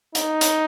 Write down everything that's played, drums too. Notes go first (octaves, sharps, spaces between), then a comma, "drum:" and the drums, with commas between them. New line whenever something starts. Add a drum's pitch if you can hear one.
D#4, drum: hi-hat
drum: hi-hat